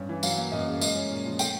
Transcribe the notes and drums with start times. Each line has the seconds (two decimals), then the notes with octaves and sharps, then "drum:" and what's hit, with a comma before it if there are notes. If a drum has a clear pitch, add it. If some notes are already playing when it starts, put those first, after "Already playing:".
Already playing: G2 C#4
0.09 E3
0.23 F#3 F5, drum: tambourine
0.38 A#3
0.52 F#2 D#5
0.67 C#3
0.81 G#3 D#5, drum: tambourine
0.95 C#4
1.10 A#2
1.25 F3
1.39 A3 G5, drum: tambourine